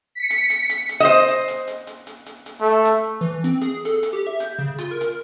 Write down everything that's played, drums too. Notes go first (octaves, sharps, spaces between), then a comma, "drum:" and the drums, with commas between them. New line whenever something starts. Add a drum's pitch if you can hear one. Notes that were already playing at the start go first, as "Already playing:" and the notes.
B6 C#7
drum: hi-hat
drum: hi-hat
drum: hi-hat
drum: hi-hat
C5 D#5
drum: hi-hat
drum: hi-hat
drum: hi-hat
drum: hi-hat
drum: hi-hat
drum: hi-hat
drum: hi-hat
A3
drum: hi-hat
E3
C4, drum: hi-hat
G#4, drum: hi-hat
A4, drum: hi-hat
drum: hi-hat
G4
E5
G6, drum: hi-hat
C#3
F4, drum: hi-hat
A#4
drum: hi-hat